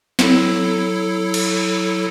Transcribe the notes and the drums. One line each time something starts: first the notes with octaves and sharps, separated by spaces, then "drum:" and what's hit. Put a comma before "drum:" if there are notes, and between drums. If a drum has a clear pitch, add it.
F#3 E4 A4, drum: snare
drum: cymbal